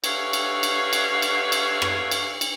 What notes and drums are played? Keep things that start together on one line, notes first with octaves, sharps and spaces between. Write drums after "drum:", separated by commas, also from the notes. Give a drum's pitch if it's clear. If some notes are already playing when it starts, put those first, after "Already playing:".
G2 D3 C#5 E5 F5, drum: cymbal
drum: cymbal
drum: cymbal
drum: cymbal
drum: cymbal
drum: cymbal
drum: rim click
drum: cymbal
drum: cymbal